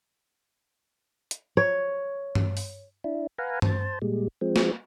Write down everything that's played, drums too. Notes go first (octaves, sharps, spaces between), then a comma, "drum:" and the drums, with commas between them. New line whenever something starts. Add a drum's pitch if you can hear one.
drum: hi-hat
C#5
drum: tom G2
drum: open hi-hat
D4 E4
B4 F5 F#5 G#5 A#5
C5 A5, drum: tom G2
A#2 G3 G#3
F3 G#3 C4
drum: snare